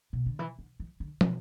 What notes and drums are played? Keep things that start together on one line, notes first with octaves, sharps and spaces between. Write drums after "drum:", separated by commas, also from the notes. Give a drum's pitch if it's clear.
B2
D3
E3
D3
E3
D3
B2, drum: tom